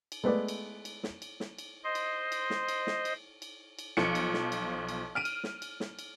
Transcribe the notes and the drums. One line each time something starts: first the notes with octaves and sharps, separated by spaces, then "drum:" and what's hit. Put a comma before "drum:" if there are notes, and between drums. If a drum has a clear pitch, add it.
drum: cymbal
G#3 A3 B3 B4 D5
drum: cymbal
drum: cymbal
drum: snare
drum: cymbal
drum: snare
drum: cymbal
C5 D#5 C6
drum: cymbal
drum: cymbal
drum: snare
drum: cymbal
drum: snare
drum: cymbal
drum: cymbal
drum: cymbal
B1 F3 C#7, drum: snare
drum: cymbal
drum: snare
drum: cymbal
drum: cymbal
F6 D7 D#7
drum: cymbal
drum: snare
drum: cymbal
drum: snare
drum: cymbal